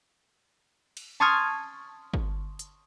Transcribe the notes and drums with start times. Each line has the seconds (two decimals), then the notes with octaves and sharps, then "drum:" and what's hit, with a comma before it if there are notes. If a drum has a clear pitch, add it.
0.97 drum: cymbal
1.20 A5 C6 C#6 D#6 F6 G#6
2.14 drum: kick
2.59 drum: hi-hat